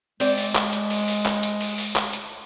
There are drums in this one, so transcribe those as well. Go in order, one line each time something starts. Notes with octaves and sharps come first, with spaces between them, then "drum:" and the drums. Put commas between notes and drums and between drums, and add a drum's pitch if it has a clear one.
G#3 C4 D5, drum: open hi-hat
drum: open hi-hat
drum: clap
drum: hi-hat
drum: open hi-hat
drum: open hi-hat
drum: clap
drum: hi-hat
drum: open hi-hat
drum: open hi-hat
drum: clap
drum: hi-hat